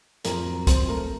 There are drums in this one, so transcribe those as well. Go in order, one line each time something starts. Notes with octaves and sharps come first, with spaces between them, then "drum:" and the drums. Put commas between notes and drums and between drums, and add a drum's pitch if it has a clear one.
F2 A#4 A#5, drum: hi-hat
F#3
C4 C5 C6, drum: kick, hi-hat
A3 A#4 A#5